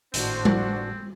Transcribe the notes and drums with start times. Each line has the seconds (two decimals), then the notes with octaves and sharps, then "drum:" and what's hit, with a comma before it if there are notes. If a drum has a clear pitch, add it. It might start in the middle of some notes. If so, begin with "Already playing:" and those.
0.14 G#1 A2 C4 D4 F#4 C5, drum: hi-hat
0.45 drum: tom G3